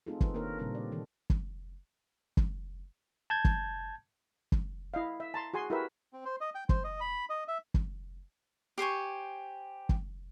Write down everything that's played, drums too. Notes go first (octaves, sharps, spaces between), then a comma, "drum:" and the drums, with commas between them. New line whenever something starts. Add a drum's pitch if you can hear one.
A3 C4 D#4 F4 G#4 A4
B4, drum: kick
D#3 A#3 D4 A#4 C#5
A#2 C#3 G3 C4 A#4
D5
D#3 E3 A#3 D#4 A4
drum: kick
drum: kick
A5 G6 G#6
drum: kick
drum: kick
E4 D#5 F5
E5
A5 A#5 C6
F#4 G#4 G#5 C6
E4 F#4 G4 A#4 B4 E5
C4
C5
D#5
G5
C5, drum: kick
D#5
B5
D#5
E5
drum: kick
G4 C5 G#5 C#6
drum: kick